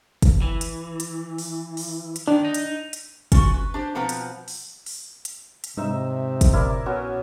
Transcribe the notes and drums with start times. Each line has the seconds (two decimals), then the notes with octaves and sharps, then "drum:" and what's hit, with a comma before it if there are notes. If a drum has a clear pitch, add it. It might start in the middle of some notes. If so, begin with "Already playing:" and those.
0.22 drum: kick, hi-hat
0.42 E3
0.61 drum: hi-hat
1.00 drum: hi-hat
1.38 drum: open hi-hat
1.77 drum: open hi-hat
2.16 drum: hi-hat
2.28 D#3 D4
2.44 D#4
2.54 drum: hi-hat
2.93 drum: hi-hat
3.32 C#4 F4 F#4, drum: kick, hi-hat
3.54 B4
3.74 D4 G4 C5
3.95 B2 F3 C4 B4 F#5 A#5
4.09 drum: hi-hat
4.48 drum: open hi-hat
4.86 drum: open hi-hat
5.25 drum: hi-hat
5.64 drum: hi-hat
5.77 G#2 C3 D#4 E5 E6
6.41 drum: kick, hi-hat
6.53 A#1 E4 A#4 D5
6.86 B3 C#4 F#4